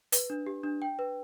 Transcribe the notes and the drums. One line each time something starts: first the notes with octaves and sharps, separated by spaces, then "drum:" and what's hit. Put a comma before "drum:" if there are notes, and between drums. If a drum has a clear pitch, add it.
B4, drum: hi-hat
D4
G4
D4
G5
B4